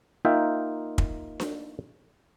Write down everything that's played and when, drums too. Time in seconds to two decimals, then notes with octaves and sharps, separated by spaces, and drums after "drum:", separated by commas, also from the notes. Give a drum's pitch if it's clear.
0.25 A#3 D#4 F4 E5 G5
0.98 drum: kick
1.40 drum: snare D4